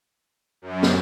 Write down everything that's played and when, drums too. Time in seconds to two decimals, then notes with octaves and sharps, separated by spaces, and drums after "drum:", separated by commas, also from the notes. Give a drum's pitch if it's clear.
0.62 F#2
0.83 drum: snare